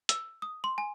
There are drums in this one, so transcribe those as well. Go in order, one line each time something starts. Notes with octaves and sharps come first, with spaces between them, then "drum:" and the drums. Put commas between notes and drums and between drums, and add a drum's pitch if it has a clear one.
E6, drum: hi-hat
D#6
C6
G#5